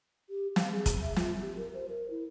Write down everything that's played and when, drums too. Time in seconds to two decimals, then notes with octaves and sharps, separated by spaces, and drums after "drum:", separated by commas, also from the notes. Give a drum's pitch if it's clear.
0.30 G4
0.56 F5, drum: snare
0.71 G#4
0.86 drum: kick, hi-hat
1.02 E5
1.16 F4, drum: snare
1.41 G4
1.57 A#4
1.74 C5
1.89 A#4
2.10 E4